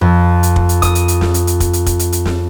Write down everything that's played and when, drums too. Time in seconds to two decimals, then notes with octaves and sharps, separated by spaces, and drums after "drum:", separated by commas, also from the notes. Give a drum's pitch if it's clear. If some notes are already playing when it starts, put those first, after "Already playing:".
0.01 F2
0.43 drum: hi-hat
0.56 drum: kick
0.69 drum: hi-hat
0.82 D#6, drum: kick, hi-hat
0.95 drum: hi-hat
1.08 drum: hi-hat
1.21 drum: snare
1.34 drum: hi-hat
1.47 drum: hi-hat
1.60 drum: kick, hi-hat
1.73 drum: hi-hat
1.86 drum: kick, hi-hat
1.99 drum: hi-hat
2.12 drum: hi-hat
2.26 drum: snare